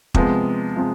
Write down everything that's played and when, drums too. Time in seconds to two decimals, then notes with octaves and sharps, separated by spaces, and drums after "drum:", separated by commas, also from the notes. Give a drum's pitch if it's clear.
0.14 C3 F3 G#3 B3, drum: kick
0.76 C3 F3 G#3